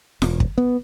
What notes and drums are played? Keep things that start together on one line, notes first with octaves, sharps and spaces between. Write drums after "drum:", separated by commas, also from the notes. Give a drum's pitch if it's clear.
E1, drum: snare F4
drum: kick
B3